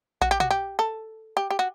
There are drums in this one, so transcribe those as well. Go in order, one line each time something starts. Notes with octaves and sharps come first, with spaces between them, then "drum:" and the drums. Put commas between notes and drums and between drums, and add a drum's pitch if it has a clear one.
F#4, drum: kick A#1
G4
F#4, drum: tom
G4
A4
G4
G4
F#4